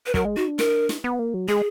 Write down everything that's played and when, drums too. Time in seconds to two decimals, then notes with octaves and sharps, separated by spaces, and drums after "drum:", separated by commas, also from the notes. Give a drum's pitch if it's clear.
0.06 B4
0.14 F#3 A#4, drum: kick
0.25 G#3
0.37 D#4 F#4
0.48 D4
0.59 A#4, drum: snare
0.89 drum: snare
1.04 B3
1.19 A#3
1.34 F#3
1.48 G#3 G#4